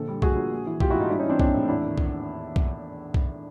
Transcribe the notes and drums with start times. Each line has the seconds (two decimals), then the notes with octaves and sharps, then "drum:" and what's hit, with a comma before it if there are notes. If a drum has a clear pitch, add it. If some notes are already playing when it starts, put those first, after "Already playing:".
Already playing: A#1 D3 A4
0.08 G3
0.22 A#1 F#4 G#4, drum: kick B1
0.36 A#2
0.52 A#1
0.67 E3
0.80 A#1 F4 G4, drum: kick B1
0.90 E4 F#4
0.95 G#2
1.00 D#4 F4
1.10 G3 D4 E4
1.19 C#4 D#4
1.25 E3 C4 D4
1.40 A#1 C4 D4, drum: kick B1
1.54 A2
1.68 E2 D4 E4
1.83 D#3
1.98 drum: kick B1
2.56 drum: kick B1
3.14 drum: kick B1